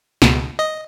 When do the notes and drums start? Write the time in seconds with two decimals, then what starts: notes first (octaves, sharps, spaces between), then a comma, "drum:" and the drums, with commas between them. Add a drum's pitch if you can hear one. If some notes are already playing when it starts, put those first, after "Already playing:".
0.22 C#2 B2, drum: snare
0.59 D#5